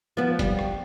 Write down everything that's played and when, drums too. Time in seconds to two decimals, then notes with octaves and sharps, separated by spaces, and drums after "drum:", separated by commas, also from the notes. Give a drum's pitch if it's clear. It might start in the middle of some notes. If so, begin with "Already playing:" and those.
0.17 F3 B3
0.39 G3, drum: kick, hi-hat
0.59 drum: rim click